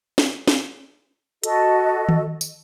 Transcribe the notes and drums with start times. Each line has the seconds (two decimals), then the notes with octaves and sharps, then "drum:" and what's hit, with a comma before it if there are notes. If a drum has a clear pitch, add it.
0.18 drum: snare
0.48 drum: snare
1.44 F#4 A4 D#5, drum: hi-hat
2.09 drum: tom D#3
2.41 drum: tambourine